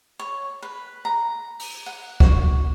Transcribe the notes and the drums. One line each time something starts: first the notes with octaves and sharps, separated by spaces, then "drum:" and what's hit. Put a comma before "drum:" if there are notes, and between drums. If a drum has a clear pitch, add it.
C#5
B4
A#5
drum: open hi-hat
F#5
F#4, drum: kick